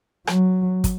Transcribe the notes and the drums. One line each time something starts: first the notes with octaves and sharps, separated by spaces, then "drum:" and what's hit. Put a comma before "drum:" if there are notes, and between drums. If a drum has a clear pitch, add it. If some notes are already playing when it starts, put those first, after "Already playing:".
F#3, drum: rim click
drum: kick, hi-hat